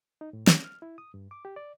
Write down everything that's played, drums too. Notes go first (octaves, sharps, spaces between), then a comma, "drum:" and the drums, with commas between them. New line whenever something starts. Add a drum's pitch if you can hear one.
D#4
A2
C#4, drum: snare
F6
E4
D#6
G2
D6
G4
D5